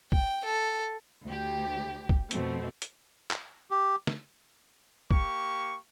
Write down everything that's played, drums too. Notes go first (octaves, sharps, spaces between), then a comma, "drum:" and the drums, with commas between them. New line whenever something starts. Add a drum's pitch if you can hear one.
G5, drum: kick
A4
D2 G4
drum: kick
F2 B2 F3 A3 C4, drum: hi-hat
drum: hi-hat
drum: clap
G4
drum: snare
A#3 G4 C#6, drum: kick